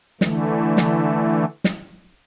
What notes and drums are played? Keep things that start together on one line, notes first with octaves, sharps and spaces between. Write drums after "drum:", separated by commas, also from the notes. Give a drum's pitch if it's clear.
D3 E3 A3, drum: snare
drum: snare
drum: snare